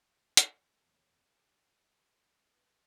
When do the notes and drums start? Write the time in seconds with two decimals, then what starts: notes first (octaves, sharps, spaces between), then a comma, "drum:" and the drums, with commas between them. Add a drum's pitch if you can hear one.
0.37 drum: hi-hat
0.86 E2 A#2 G#4 A#4 C#5
1.34 G4 A5
2.53 B4